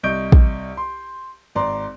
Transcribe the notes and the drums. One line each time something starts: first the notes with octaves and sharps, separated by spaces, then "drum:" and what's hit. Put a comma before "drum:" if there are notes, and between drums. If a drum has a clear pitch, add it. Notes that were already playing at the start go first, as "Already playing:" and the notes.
C2 D#5 C#6 G6 D7
drum: kick
C6
G#1 D5 A#5 C6